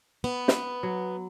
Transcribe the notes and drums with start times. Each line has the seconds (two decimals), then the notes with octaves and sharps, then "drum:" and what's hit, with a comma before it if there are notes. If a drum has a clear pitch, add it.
0.24 B3
0.48 drum: snare
0.83 F#3